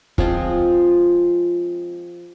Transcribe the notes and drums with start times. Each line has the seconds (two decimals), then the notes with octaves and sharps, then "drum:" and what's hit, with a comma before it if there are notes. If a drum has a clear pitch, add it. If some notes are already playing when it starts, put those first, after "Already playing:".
0.18 F3 G#3 C4 F4, drum: kick